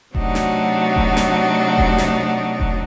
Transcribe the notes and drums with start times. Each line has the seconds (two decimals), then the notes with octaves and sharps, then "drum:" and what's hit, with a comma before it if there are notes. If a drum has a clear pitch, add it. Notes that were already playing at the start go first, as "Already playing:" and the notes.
0.15 C3 F#3 A3 D4 D#4 F#4, drum: kick E1
0.35 drum: snare
0.96 drum: kick E1
1.17 drum: snare
1.78 drum: kick E1
1.98 drum: snare
2.60 drum: kick E1